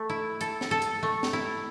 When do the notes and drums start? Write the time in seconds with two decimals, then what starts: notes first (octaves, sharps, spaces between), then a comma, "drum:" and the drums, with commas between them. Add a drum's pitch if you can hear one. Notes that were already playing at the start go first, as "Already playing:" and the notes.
Already playing: A3
0.10 E4
0.41 A4, drum: hi-hat
0.61 drum: snare
0.71 A4
0.82 drum: hi-hat
1.03 A3
1.23 drum: snare
1.33 E4